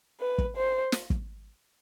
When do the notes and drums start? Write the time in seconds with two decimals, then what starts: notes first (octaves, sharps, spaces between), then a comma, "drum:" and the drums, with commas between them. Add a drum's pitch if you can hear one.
0.20 B4
0.38 drum: kick
0.56 C5
0.92 drum: snare
1.10 drum: kick